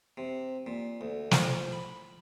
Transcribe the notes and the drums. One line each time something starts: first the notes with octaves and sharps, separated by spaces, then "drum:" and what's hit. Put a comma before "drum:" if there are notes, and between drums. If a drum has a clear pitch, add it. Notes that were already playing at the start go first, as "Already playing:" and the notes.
C3
A#2
D2
F3, drum: snare
B5